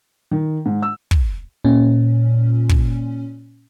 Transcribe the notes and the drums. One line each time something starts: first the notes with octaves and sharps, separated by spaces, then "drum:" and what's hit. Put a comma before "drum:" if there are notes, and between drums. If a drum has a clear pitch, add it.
D#3
G#2
E6
drum: kick
A#2 C#4
drum: kick